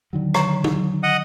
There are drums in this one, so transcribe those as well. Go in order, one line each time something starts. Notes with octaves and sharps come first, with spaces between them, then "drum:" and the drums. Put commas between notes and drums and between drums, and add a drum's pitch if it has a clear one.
D3 D#3 F#3
C#5 A#5 C#6, drum: rim click
drum: tom
D#5 F#5 D#6